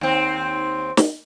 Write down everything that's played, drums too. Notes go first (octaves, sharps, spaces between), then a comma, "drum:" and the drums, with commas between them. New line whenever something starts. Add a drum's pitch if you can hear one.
D#2 C4
drum: snare